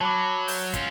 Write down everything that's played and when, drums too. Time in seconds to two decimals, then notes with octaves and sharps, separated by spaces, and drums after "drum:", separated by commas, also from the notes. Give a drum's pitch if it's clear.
0.01 F#3 A5 B5 D6
0.48 G6, drum: open hi-hat
0.74 C#4 F4, drum: kick, hi-hat